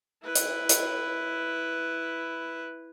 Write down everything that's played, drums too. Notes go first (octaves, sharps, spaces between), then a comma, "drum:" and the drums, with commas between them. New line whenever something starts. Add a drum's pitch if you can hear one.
E4 B4
drum: hi-hat
drum: hi-hat